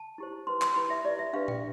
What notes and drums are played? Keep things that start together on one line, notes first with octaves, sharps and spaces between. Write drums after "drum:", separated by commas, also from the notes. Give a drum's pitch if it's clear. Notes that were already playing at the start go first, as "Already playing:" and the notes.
Already playing: A5
E4 G4 C5
E4 B4 C6
C6, drum: clap
E4 G4 B4 B5
E5
E4 G4 B4 D5
E5
D4 G4 B4 F5
G5, drum: tom A#2